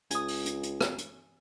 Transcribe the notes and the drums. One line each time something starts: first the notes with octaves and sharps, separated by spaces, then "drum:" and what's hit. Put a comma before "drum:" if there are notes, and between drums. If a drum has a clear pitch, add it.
C#2 G#5 D#6, drum: hi-hat
drum: open hi-hat
drum: hi-hat
drum: hi-hat
drum: rim click
drum: hi-hat